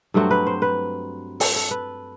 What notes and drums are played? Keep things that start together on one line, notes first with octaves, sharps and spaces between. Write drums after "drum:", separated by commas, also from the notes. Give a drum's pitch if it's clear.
G2 F#3 A3 C4 F#4
B4
C5
B4
A4, drum: open hi-hat
A4
B4